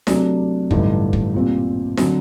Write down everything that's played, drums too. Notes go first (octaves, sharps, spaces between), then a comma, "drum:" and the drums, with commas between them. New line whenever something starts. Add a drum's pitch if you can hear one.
C3 F#3 A3 D4, drum: snare D#4
A1 G2 D3 A3 D#4, drum: kick
drum: kick
A#2 G3 C4
D3 F#3 C4, drum: snare D#4